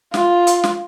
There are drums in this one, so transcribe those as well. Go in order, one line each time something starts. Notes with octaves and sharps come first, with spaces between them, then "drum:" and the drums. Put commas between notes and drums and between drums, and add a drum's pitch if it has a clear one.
F4, drum: snare
drum: hi-hat
drum: snare